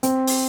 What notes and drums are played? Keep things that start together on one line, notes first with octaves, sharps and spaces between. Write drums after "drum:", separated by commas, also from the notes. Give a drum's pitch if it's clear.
C4, drum: hi-hat
drum: open hi-hat